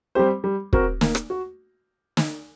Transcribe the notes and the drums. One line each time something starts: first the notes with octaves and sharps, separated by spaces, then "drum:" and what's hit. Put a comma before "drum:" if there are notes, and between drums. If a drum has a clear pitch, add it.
G3 C4 G4 C5
G3
C4 F#4 A#4, drum: kick
A#3, drum: snare
drum: rim click
F#4
drum: snare